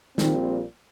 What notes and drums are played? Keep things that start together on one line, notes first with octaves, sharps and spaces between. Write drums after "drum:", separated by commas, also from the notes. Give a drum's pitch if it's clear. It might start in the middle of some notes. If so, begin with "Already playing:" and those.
A#1 A#2 D#3 G3 C4, drum: snare